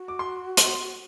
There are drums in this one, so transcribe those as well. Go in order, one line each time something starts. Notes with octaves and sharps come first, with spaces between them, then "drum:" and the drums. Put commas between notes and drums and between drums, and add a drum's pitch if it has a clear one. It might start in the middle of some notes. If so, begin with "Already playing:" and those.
Already playing: F#4
D6
C6
C6, drum: hi-hat